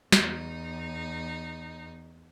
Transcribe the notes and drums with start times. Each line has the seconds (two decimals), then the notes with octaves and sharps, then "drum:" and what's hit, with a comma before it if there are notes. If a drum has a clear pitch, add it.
0.12 E2 D#4, drum: snare